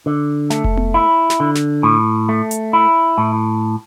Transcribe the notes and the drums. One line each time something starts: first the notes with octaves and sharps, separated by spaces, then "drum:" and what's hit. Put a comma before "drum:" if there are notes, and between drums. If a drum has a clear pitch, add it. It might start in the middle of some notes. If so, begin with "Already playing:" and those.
D3
A3, drum: snare
drum: kick F1
drum: tom B3
E4
drum: snare
D3
drum: snare
A2
A3
drum: hi-hat
E4
A2